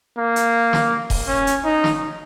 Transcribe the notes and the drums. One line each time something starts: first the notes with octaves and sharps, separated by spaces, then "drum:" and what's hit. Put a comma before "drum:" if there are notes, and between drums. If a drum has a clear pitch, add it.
A#3
drum: hi-hat
drum: snare
drum: kick E1, open hi-hat
C#4
drum: hi-hat
D#4
drum: snare